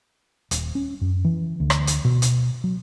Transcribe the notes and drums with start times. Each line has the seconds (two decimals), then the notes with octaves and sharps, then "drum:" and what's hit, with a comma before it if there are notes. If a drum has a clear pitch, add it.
0.51 D#1, drum: hi-hat
0.75 C#4
1.01 F#2
1.25 E3
1.60 D2
1.70 drum: rim click
1.87 drum: hi-hat
2.05 B2
2.22 drum: hi-hat
2.64 F#3